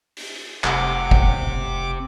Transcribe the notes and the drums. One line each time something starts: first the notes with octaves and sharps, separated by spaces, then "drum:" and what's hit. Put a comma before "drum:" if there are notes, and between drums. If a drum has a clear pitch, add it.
drum: open hi-hat
F1 C3 F#5 D6, drum: clap
drum: kick